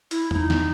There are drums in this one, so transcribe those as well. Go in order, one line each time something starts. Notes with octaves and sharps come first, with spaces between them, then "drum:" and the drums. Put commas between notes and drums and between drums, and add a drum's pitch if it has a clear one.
E4, drum: hi-hat
E4, drum: tom E2
D#4
drum: snare